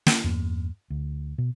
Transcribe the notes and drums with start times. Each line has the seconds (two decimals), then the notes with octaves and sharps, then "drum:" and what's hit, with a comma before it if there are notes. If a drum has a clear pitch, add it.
0.07 drum: snare
0.24 E2 G2 A#3
0.90 D2
1.38 B2